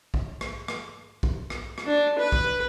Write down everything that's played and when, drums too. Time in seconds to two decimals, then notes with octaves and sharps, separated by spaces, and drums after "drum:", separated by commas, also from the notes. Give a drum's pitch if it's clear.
0.14 drum: kick A#1
0.41 drum: rim click
0.68 drum: rim click
1.23 drum: kick A#1
1.50 drum: rim click
1.78 drum: rim click
1.87 D4
2.19 B4
2.32 drum: kick A#1